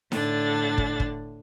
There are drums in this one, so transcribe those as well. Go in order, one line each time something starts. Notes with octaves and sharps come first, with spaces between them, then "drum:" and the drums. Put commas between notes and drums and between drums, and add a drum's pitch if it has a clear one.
A2 D3 D4 A6, drum: snare D#4
drum: kick
drum: kick